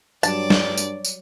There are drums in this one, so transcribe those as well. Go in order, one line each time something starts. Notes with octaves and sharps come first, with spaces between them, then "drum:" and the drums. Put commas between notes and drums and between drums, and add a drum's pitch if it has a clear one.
G2 F#3 G3 D5 A5, drum: tambourine
drum: snare G3
drum: tambourine
drum: tambourine